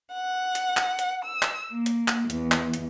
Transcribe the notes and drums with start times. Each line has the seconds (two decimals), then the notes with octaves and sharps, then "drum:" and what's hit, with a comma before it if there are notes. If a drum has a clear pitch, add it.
0.13 F#5
0.55 drum: hi-hat
0.77 drum: clap
0.99 drum: hi-hat
1.24 E6
1.42 drum: clap
1.72 A#3
1.86 drum: hi-hat
2.08 drum: clap
2.30 E2, drum: hi-hat
2.52 drum: clap
2.74 drum: hi-hat